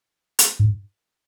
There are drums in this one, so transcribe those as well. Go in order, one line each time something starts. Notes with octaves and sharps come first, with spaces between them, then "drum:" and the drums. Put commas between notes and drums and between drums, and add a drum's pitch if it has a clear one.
drum: hi-hat
G#2